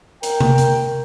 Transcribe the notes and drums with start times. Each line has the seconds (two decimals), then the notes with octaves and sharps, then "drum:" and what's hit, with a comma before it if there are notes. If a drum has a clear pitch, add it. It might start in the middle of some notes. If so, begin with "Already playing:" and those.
0.23 A#4 G5, drum: hi-hat
0.41 drum: tom C3
0.58 drum: hi-hat